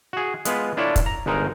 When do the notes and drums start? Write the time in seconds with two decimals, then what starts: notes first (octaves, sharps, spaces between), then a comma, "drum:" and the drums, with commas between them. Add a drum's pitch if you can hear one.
0.13 F#4 G#4
0.45 G#3 B3 F4 B4, drum: hi-hat
0.77 D4 E4 F4 A4 C#5 D5
0.96 drum: kick, hi-hat
1.06 A#5
1.26 G1 G#3 D#4 A#4